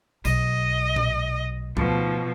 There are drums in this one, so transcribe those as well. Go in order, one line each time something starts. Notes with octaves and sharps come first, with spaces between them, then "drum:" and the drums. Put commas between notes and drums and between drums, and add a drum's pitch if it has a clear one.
B1 D#5, drum: hi-hat
drum: tom A#2
D2 B2 F3 D#4, drum: tom